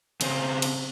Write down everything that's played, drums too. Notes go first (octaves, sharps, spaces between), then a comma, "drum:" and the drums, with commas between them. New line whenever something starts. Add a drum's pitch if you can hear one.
C#3 C4, drum: cymbal
drum: cymbal